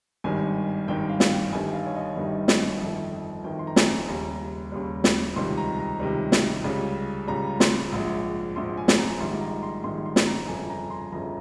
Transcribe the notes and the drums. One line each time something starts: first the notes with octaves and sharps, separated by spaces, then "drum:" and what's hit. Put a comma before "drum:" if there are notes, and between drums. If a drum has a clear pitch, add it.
G#1 G2 D#3 G3 G#5
G#1 G2 D#3 G3 G5
F5
drum: snare
G5
G1 G2 D#3 G3 G#5
F5
C#5
D#5
G1 G2 D#3 G3
drum: snare
G1 F2 D#3
G1 F2 D#3 G5
C6
A#5
G#5, drum: snare
D#2 C#3 G3 A#5
D#2 C#3 G3
drum: snare
C#2 C3 D#3 G3 C6
A#5
A#5
C#2 C3 D#3 G3
drum: snare
C#2 C#3 G3
C#2 C#3 G3 A#5
C6, drum: snare
A#1 G#2 F3
A#1 G#2 F3 C6
G#5
drum: snare
A#5
A#1 G#2 D#3 G3 C6
A#5
C6
A#1 G#2 D#3 G3 C6
C6
drum: snare
A#5
G1 F2 C#3 G#5
A#5
C6
G1 F2 C#3 A#5